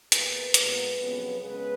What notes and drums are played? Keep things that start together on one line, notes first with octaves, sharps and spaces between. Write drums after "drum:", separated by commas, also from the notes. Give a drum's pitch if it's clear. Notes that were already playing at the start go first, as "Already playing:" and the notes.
B2 A#3 G#4 B4, drum: hi-hat
A#2 G#3 B3, drum: hi-hat
F2 C#3 F#3 B3
C#3 G#3 B3 G#4 B4